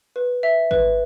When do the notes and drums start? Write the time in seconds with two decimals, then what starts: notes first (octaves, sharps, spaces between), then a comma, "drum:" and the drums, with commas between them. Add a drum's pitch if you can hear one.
0.16 B4
0.43 E5
0.71 B4, drum: kick